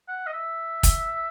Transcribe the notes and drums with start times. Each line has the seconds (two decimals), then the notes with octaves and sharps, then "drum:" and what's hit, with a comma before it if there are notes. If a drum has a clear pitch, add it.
0.09 F#5
0.27 D#5
0.33 E5
0.83 drum: kick, hi-hat